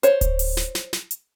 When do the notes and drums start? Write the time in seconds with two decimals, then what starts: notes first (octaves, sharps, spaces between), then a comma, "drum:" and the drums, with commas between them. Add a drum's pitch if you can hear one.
0.03 C5 C#5, drum: hi-hat
0.21 drum: kick D1, hi-hat
0.39 drum: open hi-hat
0.57 drum: snare
0.75 drum: snare
0.93 drum: snare
1.11 drum: hi-hat